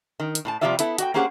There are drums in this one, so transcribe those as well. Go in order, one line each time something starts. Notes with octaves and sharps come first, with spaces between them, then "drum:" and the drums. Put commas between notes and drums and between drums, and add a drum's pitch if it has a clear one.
D#3
drum: hi-hat
A2 D#4 A5
C3 F3 G3 F4 D5 E5
B3 E4 A4, drum: hi-hat
F#4 D5 G5, drum: hi-hat
A#3 C#4 G4 G#4 C5 F#5